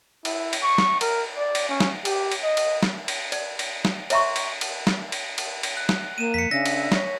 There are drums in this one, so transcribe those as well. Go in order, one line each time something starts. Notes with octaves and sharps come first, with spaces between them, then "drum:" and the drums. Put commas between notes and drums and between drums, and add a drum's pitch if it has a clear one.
E4, drum: cymbal
drum: cymbal
C#6
drum: snare
A#4, drum: cymbal
D5
drum: cymbal
C#4
drum: snare
G4, drum: cymbal
drum: cymbal
D#5
drum: cymbal
drum: snare
drum: cymbal
D5, drum: cymbal
drum: cymbal
drum: snare
C#5 D#5 E5 A#5 C6 C#6, drum: cymbal
drum: cymbal
drum: cymbal
drum: snare
drum: cymbal
drum: cymbal
drum: cymbal
F#6
drum: snare
A#3 D#7 E7
F2 B6 C#7
C#3 D4 E5 A#6
drum: cymbal
C#5, drum: snare